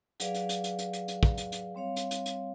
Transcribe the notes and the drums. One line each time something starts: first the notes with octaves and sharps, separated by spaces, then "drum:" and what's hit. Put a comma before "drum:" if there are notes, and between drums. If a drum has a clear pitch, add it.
F#3 G#4 B4 D5 F5, drum: hi-hat
drum: hi-hat
drum: hi-hat
drum: hi-hat
drum: hi-hat
drum: hi-hat
drum: hi-hat
drum: kick
drum: hi-hat
drum: hi-hat
G3 C4 C#5 F5
drum: hi-hat
drum: hi-hat
drum: hi-hat